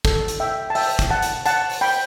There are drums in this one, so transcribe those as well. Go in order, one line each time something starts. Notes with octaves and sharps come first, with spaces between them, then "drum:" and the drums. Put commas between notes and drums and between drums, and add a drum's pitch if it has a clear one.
A4, drum: kick, hi-hat
drum: hi-hat
E5 G5
A5
E5 G5, drum: open hi-hat
drum: kick, hi-hat
F#5 A5
drum: hi-hat
F#5 A5, drum: hi-hat
drum: open hi-hat
G5 B5